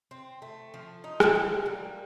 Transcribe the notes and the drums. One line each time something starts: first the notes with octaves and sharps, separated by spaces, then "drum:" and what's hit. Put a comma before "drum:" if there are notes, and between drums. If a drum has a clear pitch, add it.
C4
A3
F3
D#4
drum: rim click
A#3
G3